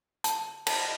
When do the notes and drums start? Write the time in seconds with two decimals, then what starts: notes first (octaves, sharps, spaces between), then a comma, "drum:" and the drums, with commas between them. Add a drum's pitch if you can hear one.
0.24 A5, drum: hi-hat
0.67 A5, drum: cymbal